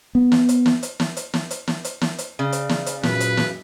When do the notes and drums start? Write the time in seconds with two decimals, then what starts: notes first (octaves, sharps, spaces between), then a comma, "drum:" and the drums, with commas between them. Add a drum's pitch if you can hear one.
0.15 B3
0.32 drum: snare
0.49 drum: hi-hat
0.66 drum: snare
0.83 drum: hi-hat
1.00 drum: snare
1.17 drum: hi-hat
1.34 drum: snare
1.51 drum: hi-hat
1.68 drum: snare
1.85 drum: hi-hat
2.01 drum: snare
2.18 drum: hi-hat
2.39 C#3 D5
2.52 drum: hi-hat
2.69 drum: snare
2.86 drum: hi-hat
3.03 F#2 A#2 B4, drum: snare
3.20 drum: hi-hat
3.37 drum: snare